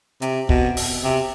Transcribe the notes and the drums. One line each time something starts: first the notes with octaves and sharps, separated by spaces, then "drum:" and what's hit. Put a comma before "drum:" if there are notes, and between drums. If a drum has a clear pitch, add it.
C3, drum: hi-hat
B2, drum: kick
drum: open hi-hat
C3